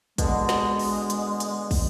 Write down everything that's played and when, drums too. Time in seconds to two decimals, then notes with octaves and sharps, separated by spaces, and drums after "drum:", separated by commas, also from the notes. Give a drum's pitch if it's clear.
0.18 B2 D3 G#3, drum: kick, hi-hat
0.49 drum: snare
0.79 drum: open hi-hat
1.10 drum: hi-hat
1.40 drum: hi-hat
1.71 drum: kick, open hi-hat